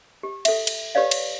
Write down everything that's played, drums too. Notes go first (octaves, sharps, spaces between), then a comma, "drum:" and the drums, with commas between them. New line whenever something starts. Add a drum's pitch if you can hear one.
G4
A4 E5, drum: cymbal
drum: cymbal
G4 B4 C#5 D5 F5
drum: cymbal